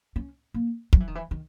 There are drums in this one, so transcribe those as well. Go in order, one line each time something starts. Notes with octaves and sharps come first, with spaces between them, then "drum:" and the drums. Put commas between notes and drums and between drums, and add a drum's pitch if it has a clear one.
C#4
A#3
F#3, drum: kick
E3
D#3
E3
D#3